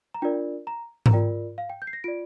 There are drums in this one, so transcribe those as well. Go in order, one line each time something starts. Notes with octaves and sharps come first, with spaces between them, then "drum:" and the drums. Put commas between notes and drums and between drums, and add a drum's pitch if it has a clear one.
A#5
D4 F4 A#4 D5 G5
A#5
A#5, drum: tom G#2
F4 A#4 D5 G5
F5
G5
G6
C7
A#6
F4 D5 D7